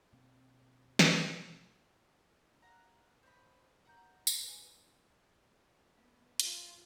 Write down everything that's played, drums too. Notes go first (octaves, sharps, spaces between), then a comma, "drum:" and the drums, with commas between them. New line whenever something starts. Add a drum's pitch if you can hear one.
B2 A#3 C4
drum: snare
F5 F#5 A#5
C5 C#5 D#5 B5
F#5 A#5 G6
drum: tambourine
B4 G#5
B3
F4, drum: hi-hat